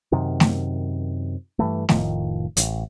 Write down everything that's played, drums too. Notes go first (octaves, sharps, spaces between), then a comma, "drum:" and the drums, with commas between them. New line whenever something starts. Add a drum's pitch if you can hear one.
F#2 C3 D#3
drum: snare A3
G2 E3 A3
F1 A2 D#3 F3, drum: snare A3
A1, drum: hi-hat